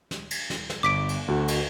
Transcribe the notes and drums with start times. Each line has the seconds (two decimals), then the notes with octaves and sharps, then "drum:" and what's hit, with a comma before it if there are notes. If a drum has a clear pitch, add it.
0.11 drum: snare
0.31 drum: cymbal
0.50 drum: snare
0.70 drum: snare
0.83 G1 D6 B6 D7
1.09 drum: cymbal
1.28 D2 F#4
1.48 drum: cymbal